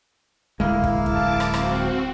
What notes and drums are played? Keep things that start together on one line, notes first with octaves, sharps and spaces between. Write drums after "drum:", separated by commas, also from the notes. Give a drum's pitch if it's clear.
D1 G#3 A#3 E4 F5
drum: kick
A5 D6, drum: kick
drum: rim click
C4 F#4, drum: rim click